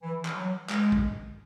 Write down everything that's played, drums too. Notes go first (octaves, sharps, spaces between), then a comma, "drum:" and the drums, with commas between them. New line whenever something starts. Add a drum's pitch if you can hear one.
E3
drum: clap
F#3
G#3, drum: clap
drum: kick